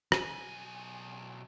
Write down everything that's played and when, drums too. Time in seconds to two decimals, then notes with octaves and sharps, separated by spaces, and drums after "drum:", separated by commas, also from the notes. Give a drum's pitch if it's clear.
0.12 B1 G#5, drum: rim click